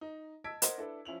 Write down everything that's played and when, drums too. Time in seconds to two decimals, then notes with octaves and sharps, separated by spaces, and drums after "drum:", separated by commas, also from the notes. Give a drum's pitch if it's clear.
0.01 D#4
0.44 D#5 A5 E6 G#6 B6 D7
0.62 A#4 C5 D#5 F#5, drum: hi-hat
0.78 D4 E4 A4 B4
1.05 F3 C#4 E4 F7 F#7